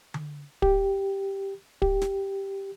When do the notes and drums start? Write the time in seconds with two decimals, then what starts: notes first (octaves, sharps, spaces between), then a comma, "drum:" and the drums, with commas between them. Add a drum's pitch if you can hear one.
0.14 drum: tom D3
0.62 G4, drum: kick
1.82 G4, drum: kick
2.01 drum: snare